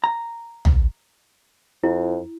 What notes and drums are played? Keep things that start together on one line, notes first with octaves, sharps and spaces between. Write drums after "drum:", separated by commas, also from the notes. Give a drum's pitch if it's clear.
A#5
drum: tom
F2 E4